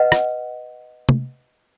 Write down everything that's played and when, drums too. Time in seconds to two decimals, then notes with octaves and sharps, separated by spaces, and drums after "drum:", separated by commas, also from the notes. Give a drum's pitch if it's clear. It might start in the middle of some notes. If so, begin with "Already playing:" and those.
Already playing: B4 D#5 F#5
0.12 drum: rim click
1.09 drum: tom